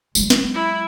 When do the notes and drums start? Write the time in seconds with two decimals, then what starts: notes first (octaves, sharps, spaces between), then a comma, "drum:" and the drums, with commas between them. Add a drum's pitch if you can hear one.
0.15 F#3 G#3, drum: tambourine
0.30 drum: snare
0.54 E4